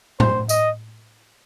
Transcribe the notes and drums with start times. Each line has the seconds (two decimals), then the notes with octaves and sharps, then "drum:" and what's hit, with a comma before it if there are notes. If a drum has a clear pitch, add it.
0.20 C5, drum: tom A2
0.49 D#5, drum: tambourine